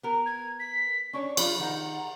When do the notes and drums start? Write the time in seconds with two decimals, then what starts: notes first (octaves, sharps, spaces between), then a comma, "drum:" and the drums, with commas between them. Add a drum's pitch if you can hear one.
0.03 B3 A#4
0.26 G#6
0.59 B6
1.13 C#4 D4 C#5 C#6
1.37 F3 D4 F4 B5, drum: cymbal
1.59 D#3 D#4 F#5